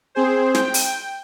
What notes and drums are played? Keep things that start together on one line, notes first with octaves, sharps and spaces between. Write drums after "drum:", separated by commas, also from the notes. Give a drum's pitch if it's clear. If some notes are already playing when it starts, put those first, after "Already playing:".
C4 G#4 C5
G5, drum: snare
drum: open hi-hat